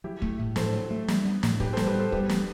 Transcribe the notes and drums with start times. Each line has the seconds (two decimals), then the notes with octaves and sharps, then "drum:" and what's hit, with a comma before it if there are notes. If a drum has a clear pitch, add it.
0.04 F#3 E4 G4
0.22 A3, drum: kick
0.39 A2
0.56 A2 A4 C5, drum: snare
0.73 F#3
0.91 A3
1.08 G3, drum: snare
1.25 B3
1.43 A2, drum: snare
1.60 A2 G4 B4, drum: kick
1.73 A4 C5
1.77 G3, drum: snare
1.86 G4 B4
1.95 B3 A4 C5
2.12 G3 G4 B4, drum: kick
2.29 B3, drum: snare